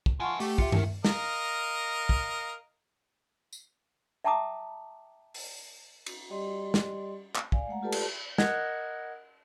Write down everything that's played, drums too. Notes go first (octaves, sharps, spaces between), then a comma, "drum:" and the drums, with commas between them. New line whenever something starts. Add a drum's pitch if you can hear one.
drum: kick
F4 E5 F#5 G#5 A5 C#6
A3 G4, drum: open hi-hat
F4 E5 C#7, drum: kick
D2 E3 E4 A#4, drum: tom G2
A#4 D#5 F5, drum: snare
drum: kick
drum: tambourine
E5 G5 A5 A#5 D6 D#6
drum: open hi-hat
drum: cymbal
G3 G4 D5 D#5 C6
drum: snare
drum: clap
D5 F5 G#5, drum: kick
G#3 A3 F#5 A#5
F4 G4 A4 B4 D5 A5
drum: cymbal
A#4 D#5 F#5 F#6 G#6, drum: snare